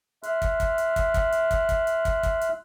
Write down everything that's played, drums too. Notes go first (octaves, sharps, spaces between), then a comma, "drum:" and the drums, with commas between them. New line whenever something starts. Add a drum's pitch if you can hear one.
E5 C6 F6 F#6, drum: hi-hat
drum: kick, hi-hat
drum: kick, hi-hat
drum: hi-hat
drum: kick, hi-hat
drum: kick, hi-hat
drum: hi-hat
drum: kick, hi-hat
drum: kick, hi-hat
drum: hi-hat
drum: kick, hi-hat
drum: kick, hi-hat
drum: hi-hat